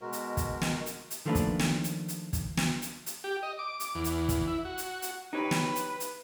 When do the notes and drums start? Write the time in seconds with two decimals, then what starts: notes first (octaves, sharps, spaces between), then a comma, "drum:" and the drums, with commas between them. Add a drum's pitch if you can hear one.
0.01 B2 G#3 F#4 A#4
0.13 drum: hi-hat
0.37 drum: kick, hi-hat
0.61 drum: snare
0.86 drum: hi-hat
1.10 drum: hi-hat
1.25 D#3 F3 A3 A#3 D4 B4
1.35 drum: kick, hi-hat
1.59 drum: snare
1.84 drum: hi-hat
2.08 drum: hi-hat
2.33 drum: kick, hi-hat
2.57 drum: snare
2.82 drum: hi-hat
3.06 drum: hi-hat
3.24 G4
3.43 D#5
3.59 D6
3.80 D6, drum: hi-hat
3.95 E2
4.04 drum: hi-hat
4.29 drum: kick, hi-hat
4.47 E4
4.65 F#4
4.78 drum: hi-hat
5.02 drum: hi-hat
5.33 D#4 G4 B4 C#5
5.51 drum: snare
5.76 drum: hi-hat
6.00 drum: hi-hat